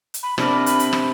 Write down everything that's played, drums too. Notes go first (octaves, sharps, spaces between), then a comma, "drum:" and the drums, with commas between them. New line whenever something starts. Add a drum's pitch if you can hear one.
drum: hi-hat
B5
C3 D4 A#4 B5, drum: rim click
B5, drum: hi-hat
drum: hi-hat
drum: rim click